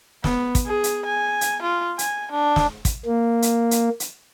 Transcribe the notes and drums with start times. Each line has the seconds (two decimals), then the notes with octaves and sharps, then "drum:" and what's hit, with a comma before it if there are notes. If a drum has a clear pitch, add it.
0.24 B3, drum: snare
0.55 drum: kick, hi-hat
0.67 G#4
0.84 drum: hi-hat
1.06 G#5
1.41 drum: hi-hat
1.62 F4
1.99 G#5, drum: hi-hat
2.32 D4
2.56 drum: snare
2.85 drum: kick, hi-hat
3.06 A#3
3.42 drum: hi-hat
3.71 drum: hi-hat
4.00 drum: hi-hat